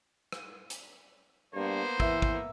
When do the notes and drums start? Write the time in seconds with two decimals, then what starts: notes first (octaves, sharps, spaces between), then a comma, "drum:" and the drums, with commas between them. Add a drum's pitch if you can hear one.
0.32 drum: rim click
0.70 drum: hi-hat
1.54 G2 A#3 B3 C5
2.00 E3 E5, drum: kick
2.22 drum: kick